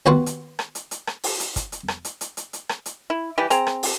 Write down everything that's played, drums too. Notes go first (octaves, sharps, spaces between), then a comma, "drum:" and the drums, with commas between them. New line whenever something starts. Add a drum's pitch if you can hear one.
D#2 B3 F#4 B4 F#5 C6
drum: hi-hat
drum: rim click
drum: hi-hat
drum: hi-hat
drum: rim click
drum: open hi-hat
drum: hi-hat
drum: kick, hi-hat
drum: hi-hat
drum: rim click
drum: hi-hat
drum: hi-hat
drum: hi-hat
drum: hi-hat
drum: rim click
drum: hi-hat
E4
E3 G3 G4
C4 G#4 A#5, drum: hi-hat
drum: rim click
drum: open hi-hat